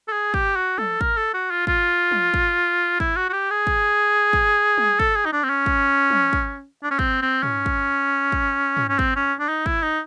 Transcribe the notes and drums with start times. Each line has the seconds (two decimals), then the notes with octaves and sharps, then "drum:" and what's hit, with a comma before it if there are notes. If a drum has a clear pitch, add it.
0.08 A4
0.12 G#4
0.34 G4, drum: kick
0.56 F#4
0.78 A4, drum: tom
1.01 A#4, drum: kick
1.17 A4
1.34 F#4
1.51 F4
1.67 F4, drum: kick
2.12 drum: tom
2.34 drum: kick
3.00 E4, drum: kick
3.16 F#4
3.29 F#4
3.33 G4
3.51 G#4
3.67 drum: kick
4.33 drum: kick
4.78 drum: tom
5.00 A4, drum: kick
5.16 G#4
5.26 D#4
5.33 D4
5.44 C4
5.50 C#4
5.66 drum: kick
6.11 drum: tom
6.33 drum: kick
6.83 D4
6.91 C#4
6.99 C4, drum: kick
7.22 C4
7.43 C#4, drum: tom
7.66 drum: kick
8.32 drum: kick
8.77 drum: tom
8.89 C#4
8.99 C4, drum: kick
9.16 C#4
9.40 D4
9.49 D#4
9.66 E4, drum: kick
9.83 D#4